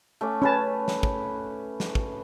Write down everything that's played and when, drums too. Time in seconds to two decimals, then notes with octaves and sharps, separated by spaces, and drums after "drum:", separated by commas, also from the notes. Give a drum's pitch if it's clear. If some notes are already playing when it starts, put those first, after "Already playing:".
0.21 A3 C#4 D6
0.42 C#4 B4 C#5 A5
0.88 drum: snare
1.03 drum: kick
1.80 drum: snare
1.95 drum: kick